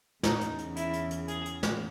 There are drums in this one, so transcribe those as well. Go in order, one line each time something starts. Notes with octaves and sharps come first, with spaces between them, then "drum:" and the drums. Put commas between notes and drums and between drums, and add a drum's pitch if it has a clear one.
E2 C#3 E3 D#4, drum: snare
drum: hi-hat
drum: hi-hat
E4, drum: hi-hat
drum: hi-hat
drum: hi-hat
G#4, drum: hi-hat
drum: hi-hat
drum: snare